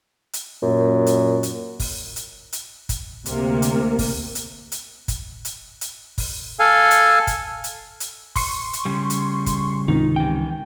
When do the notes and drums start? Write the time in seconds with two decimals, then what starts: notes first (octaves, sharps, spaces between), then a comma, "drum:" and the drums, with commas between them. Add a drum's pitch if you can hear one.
0.33 drum: hi-hat
0.63 F#2 A#2
1.06 drum: hi-hat
1.43 drum: hi-hat
1.79 drum: kick, open hi-hat
2.16 drum: hi-hat
2.53 drum: hi-hat
2.89 drum: kick, hi-hat
3.26 D2 C3 A#3, drum: hi-hat
3.62 drum: hi-hat
3.99 drum: kick, open hi-hat
4.35 drum: hi-hat
4.72 drum: hi-hat
5.08 drum: kick, hi-hat
5.45 drum: hi-hat
5.81 drum: hi-hat
6.18 drum: kick, open hi-hat
6.60 A4 F5 G#5
6.91 drum: hi-hat
7.27 drum: kick, hi-hat
7.64 drum: hi-hat
8.00 drum: hi-hat
8.36 C6 C#6, drum: kick, open hi-hat
8.73 drum: hi-hat
8.85 C#3 G3
9.10 drum: hi-hat
9.46 drum: kick, hi-hat
9.88 C#2 G#2 C3 D#3 D#4
10.16 E3 G5